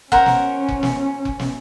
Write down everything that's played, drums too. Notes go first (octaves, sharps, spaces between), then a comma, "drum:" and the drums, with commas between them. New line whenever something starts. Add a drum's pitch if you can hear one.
C#4 A#4 C5 F#5, drum: kick F1
drum: snare
drum: kick F1
drum: snare
drum: kick F1
drum: snare